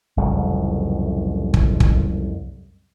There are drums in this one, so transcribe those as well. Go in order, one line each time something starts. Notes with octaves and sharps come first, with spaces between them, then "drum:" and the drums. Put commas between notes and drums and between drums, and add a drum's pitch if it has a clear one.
F#1 C2 F2 A2
drum: kick
drum: kick